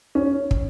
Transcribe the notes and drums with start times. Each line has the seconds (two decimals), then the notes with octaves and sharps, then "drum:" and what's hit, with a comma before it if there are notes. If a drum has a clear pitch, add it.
0.15 C#4
0.51 drum: kick